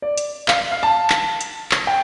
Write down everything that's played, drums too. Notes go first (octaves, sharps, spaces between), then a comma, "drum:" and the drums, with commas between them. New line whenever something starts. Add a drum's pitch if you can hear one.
D5
drum: hi-hat
F5, drum: clap
F5
A5
drum: clap
drum: hi-hat
drum: clap
G5